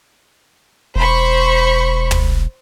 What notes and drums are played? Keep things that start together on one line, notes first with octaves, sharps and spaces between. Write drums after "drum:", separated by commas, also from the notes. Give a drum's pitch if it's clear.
E1 C5 B5 C#6
drum: tom